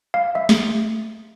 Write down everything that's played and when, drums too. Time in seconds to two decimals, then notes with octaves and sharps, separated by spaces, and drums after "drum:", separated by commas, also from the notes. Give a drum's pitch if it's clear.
0.14 F5
0.35 E5
0.49 A3, drum: snare